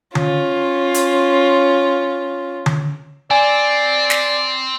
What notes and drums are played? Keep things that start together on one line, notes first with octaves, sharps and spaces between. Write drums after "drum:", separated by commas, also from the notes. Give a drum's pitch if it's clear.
C#4 F4, drum: tom D3
drum: hi-hat
drum: tom D3
C4 D5 G#5
drum: snare